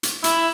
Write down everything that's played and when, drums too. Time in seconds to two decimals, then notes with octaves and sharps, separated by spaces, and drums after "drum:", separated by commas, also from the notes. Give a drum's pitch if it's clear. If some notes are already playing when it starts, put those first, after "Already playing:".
0.03 drum: hi-hat
0.24 E4, drum: hi-hat